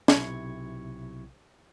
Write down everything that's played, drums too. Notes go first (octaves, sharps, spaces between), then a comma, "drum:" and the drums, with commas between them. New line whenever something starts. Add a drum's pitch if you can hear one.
B1 C3 E4 C#6 G#6, drum: snare